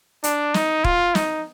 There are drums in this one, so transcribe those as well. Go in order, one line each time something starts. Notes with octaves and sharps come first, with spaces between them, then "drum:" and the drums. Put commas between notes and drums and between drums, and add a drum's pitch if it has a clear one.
D4, drum: hi-hat
D#4, drum: snare
F4, drum: kick
D#4, drum: snare